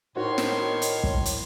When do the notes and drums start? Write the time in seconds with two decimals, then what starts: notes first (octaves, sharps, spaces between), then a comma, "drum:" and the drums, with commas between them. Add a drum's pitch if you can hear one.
0.16 A2 D#3 D#4 F#4 C5 C#5 C6
0.38 drum: snare
0.82 drum: hi-hat
1.04 drum: kick
1.25 drum: hi-hat